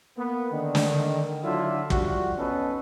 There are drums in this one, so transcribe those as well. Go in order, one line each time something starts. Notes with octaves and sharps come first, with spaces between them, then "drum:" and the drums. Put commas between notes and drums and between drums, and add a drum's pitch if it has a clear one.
A#3 B3
D3 D#3
drum: snare
D3 F#3 D4 E4 F4
F3 G3 F#4, drum: kick
B3 C#4 D#4 A4 B4